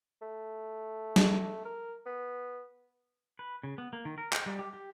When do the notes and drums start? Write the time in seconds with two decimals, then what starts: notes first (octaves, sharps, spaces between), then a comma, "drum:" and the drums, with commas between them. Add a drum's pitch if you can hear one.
0.21 A3
1.16 drum: snare
1.65 A#4
2.06 B3
3.39 B4
3.63 C#3
3.78 B3
3.93 A#3
4.05 D#3
4.18 A#4
4.33 G5, drum: clap
4.46 G3
4.59 G4
4.73 G4